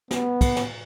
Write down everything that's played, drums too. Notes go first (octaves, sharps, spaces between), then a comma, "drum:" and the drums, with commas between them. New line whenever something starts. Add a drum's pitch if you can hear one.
B3, drum: snare
drum: kick, cymbal
drum: snare